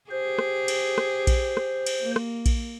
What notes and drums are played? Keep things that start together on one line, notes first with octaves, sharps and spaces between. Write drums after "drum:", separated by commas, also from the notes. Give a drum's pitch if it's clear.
G4 G#4 C5
drum: rim click
drum: cymbal
drum: rim click
drum: kick A#1, cymbal
drum: rim click
drum: cymbal
A#3
drum: rim click
drum: kick A#1, cymbal